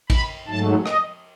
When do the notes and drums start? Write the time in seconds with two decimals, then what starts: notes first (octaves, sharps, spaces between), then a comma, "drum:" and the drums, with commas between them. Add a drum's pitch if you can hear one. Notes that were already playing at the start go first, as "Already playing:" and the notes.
0.10 B5, drum: kick A1, cymbal
0.48 G#2 F#3 A3 A5
0.86 D#5, drum: rim click